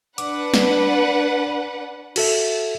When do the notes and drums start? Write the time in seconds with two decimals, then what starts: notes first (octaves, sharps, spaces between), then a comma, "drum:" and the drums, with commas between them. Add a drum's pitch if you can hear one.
0.18 D4 B4 F#5 D6, drum: hi-hat
0.54 drum: snare
2.16 F#4 A4 E5, drum: cymbal